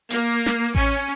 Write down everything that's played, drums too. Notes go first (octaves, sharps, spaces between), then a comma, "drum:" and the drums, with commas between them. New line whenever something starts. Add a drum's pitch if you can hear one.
A#3, drum: hi-hat
drum: snare
C#4, drum: kick A1